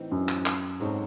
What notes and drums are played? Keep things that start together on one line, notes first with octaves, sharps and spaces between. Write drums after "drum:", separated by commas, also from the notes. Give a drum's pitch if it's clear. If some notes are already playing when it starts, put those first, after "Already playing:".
Already playing: A2 E3 C4 D#4
F#2
drum: clap
drum: clap
G#2 F#3 C4 F#4 A4